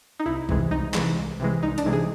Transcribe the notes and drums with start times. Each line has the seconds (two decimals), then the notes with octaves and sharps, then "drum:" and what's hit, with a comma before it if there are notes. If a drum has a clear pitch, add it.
0.20 D#4
0.26 C2 E4
0.49 C3 E3 G#3, drum: kick C2
0.71 C2 D#4
0.94 C3 E3 G#3, drum: clap
1.17 C2
1.40 C3 E3 G#3
1.62 C2 D#4
1.78 D4, drum: hi-hat
1.86 C3 E3 G#3
1.93 G#4